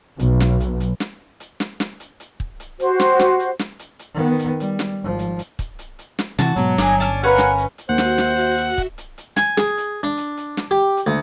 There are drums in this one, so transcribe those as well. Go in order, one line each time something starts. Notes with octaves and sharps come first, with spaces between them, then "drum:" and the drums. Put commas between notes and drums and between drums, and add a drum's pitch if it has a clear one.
B1, drum: hi-hat
drum: snare
drum: hi-hat
drum: hi-hat
drum: snare
drum: hi-hat
drum: snare
drum: snare
drum: hi-hat
drum: hi-hat
drum: kick
drum: hi-hat
F#4 G4 C5, drum: hi-hat
drum: snare
drum: snare
drum: hi-hat
drum: snare
drum: hi-hat
drum: hi-hat
D#3 B3
drum: hi-hat
G3, drum: hi-hat
drum: snare
G#1 F3
drum: hi-hat
drum: hi-hat
drum: kick, hi-hat
drum: hi-hat
drum: hi-hat
drum: snare
C3 E3 F#4 A5, drum: snare
G#2 B2 F#3, drum: hi-hat
G1 D4 D#4 G#4, drum: snare
C#4 D4 A5, drum: hi-hat
C#4 A#4 B4 C#5 F5 F#5
drum: snare
drum: hi-hat
drum: hi-hat
D#2 F#4 C5 E5 F#5
drum: snare
drum: snare
drum: hi-hat
drum: hi-hat
drum: kick, hi-hat
drum: hi-hat
drum: hi-hat
G#5, drum: snare
G#4, drum: snare
drum: hi-hat
D4
drum: hi-hat
drum: hi-hat
drum: snare
G4
drum: hi-hat
D2